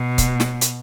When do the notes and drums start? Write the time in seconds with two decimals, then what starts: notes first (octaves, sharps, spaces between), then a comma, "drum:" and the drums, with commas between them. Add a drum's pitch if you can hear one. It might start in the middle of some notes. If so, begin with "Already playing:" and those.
Already playing: B2
0.18 drum: kick C#1, hi-hat
0.40 drum: snare
0.61 drum: hi-hat